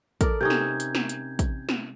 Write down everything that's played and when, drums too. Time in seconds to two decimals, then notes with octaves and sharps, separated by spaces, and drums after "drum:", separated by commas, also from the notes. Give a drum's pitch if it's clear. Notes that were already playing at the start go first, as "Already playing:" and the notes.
0.21 A4 A#4 D5, drum: kick, hi-hat
0.41 C3 C#4 D#4 G6 G#6
0.50 drum: snare
0.80 drum: hi-hat
0.95 drum: snare
1.09 drum: hi-hat
1.39 drum: kick, hi-hat
1.69 drum: snare